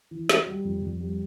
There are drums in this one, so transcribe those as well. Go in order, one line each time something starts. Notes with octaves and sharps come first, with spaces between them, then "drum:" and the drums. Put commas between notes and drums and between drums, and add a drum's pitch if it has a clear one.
E3
F#4, drum: snare
G3
F2
F2
G3